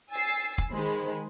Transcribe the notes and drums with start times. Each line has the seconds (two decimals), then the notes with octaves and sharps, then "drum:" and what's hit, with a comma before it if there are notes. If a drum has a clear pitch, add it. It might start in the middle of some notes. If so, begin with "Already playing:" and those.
0.11 G#5 E6 A6 C7
0.58 drum: kick
0.71 D#3 G#3 C5 B5